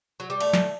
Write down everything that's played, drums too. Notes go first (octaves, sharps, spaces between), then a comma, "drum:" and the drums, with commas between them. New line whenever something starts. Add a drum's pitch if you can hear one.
F#3
G3
A3, drum: cymbal
drum: snare